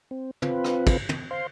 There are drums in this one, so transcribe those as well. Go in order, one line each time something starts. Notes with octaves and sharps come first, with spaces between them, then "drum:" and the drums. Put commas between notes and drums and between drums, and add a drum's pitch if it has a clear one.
C4
C4 F4 B4, drum: tom
drum: rim click
drum: kick, cymbal
drum: tom
C5 F5 C6